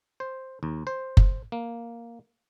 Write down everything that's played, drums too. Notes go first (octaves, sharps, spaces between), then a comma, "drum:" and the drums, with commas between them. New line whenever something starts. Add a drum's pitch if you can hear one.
C5
D#2
C5
drum: kick F#1
A#3